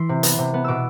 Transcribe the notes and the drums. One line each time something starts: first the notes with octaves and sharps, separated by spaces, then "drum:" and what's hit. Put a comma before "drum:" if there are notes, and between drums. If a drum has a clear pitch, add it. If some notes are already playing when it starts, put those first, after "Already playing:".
Already playing: E3 E4 C6
C3
B3, drum: hi-hat
C3
B3
B2 D6 E6